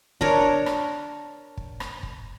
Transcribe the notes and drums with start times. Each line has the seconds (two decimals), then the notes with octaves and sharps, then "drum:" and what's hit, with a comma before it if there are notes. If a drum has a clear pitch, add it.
0.21 D4 A#4 C#5, drum: kick
0.66 drum: rim click
1.57 drum: kick
1.80 drum: rim click
2.03 drum: kick